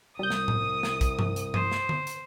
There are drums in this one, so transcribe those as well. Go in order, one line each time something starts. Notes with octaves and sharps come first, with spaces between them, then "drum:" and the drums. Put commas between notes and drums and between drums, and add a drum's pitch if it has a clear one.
C2 G3 D#6 G6
drum: snare
drum: tom A2
drum: snare
drum: kick, hi-hat
drum: tom G2
drum: hi-hat
C5 D#6, drum: tom G2
drum: snare
drum: tom D3
drum: hi-hat